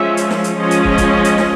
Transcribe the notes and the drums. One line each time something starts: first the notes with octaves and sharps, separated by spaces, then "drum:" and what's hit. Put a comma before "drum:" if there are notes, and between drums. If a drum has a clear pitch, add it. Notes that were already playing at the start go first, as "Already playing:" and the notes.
Already playing: F3 G#3 C#4 E5
drum: hi-hat
drum: snare
drum: hi-hat
F3 G#3 C#4 D#5
drum: hi-hat
drum: kick
drum: kick, hi-hat
drum: hi-hat
drum: snare